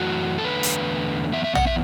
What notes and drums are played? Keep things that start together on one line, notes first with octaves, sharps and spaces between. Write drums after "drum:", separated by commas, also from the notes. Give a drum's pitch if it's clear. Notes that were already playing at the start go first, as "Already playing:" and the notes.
Already playing: F#2 E3 A3 F#4
A4
E2 D3 A3 B4
drum: hi-hat
F#2 E3 B3 E5
E5
F#5, drum: tom A#1
E5